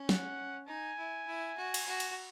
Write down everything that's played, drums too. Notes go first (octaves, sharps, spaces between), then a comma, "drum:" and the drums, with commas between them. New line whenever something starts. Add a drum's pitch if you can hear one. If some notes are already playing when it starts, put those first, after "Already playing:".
Already playing: C#4
F#5, drum: snare
D#4 G#5
E4
E4
F#4
drum: cymbal
F#4
drum: cymbal